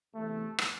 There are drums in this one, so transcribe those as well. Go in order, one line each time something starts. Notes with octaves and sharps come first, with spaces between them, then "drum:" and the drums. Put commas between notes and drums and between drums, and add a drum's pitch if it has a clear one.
E2 C3 E3 A3
drum: rim click